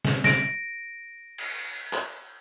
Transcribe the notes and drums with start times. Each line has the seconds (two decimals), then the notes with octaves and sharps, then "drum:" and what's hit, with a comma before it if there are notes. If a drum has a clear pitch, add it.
0.05 drum: snare
0.24 A#6 D7, drum: snare
1.38 drum: cymbal
1.93 drum: clap